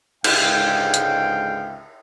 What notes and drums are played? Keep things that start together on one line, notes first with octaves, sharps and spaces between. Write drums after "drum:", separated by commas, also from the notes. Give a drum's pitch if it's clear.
C#2 G#2 D3 F5 G5, drum: cymbal
drum: hi-hat